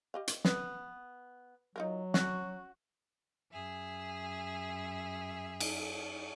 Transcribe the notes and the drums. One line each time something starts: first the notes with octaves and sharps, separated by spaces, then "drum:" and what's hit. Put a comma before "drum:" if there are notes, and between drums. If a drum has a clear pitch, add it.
G4 D#5 F5
drum: hi-hat
B3, drum: snare
F#3 D#4 F4 A#4
C#4 F#4, drum: snare
F#2 G#4 E5
drum: cymbal